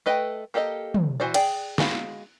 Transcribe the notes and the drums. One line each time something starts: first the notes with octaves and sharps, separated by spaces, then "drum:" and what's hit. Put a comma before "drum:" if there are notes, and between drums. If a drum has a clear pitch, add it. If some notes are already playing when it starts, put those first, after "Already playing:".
A3 B4 D#5 G5
A#3 G4 A4 D5 D#5
drum: tom
E3 F#4 C5 D5
G#4 D5 G5, drum: cymbal
G#3 F#4 F5 B5, drum: snare